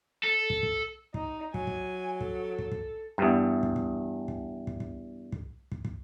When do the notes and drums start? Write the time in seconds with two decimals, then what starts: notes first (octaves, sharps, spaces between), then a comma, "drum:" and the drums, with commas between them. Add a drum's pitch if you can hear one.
0.23 A4
0.50 drum: kick
0.63 drum: kick
1.14 D#4, drum: kick
1.54 F#3 G#5, drum: kick
1.67 drum: kick
2.21 A4, drum: kick
2.59 drum: kick
2.72 drum: kick
3.18 E2 G2
3.63 drum: kick
3.76 drum: kick
4.28 drum: kick
4.67 drum: kick
4.80 drum: kick
5.32 drum: kick
5.72 drum: kick
5.85 drum: kick